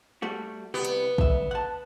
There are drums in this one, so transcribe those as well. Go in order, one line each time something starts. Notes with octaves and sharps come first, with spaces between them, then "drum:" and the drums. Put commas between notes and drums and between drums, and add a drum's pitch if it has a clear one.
G3 A3 F#4
C2 B3 G4
drum: hi-hat
D2 E5, drum: kick
F#5 A5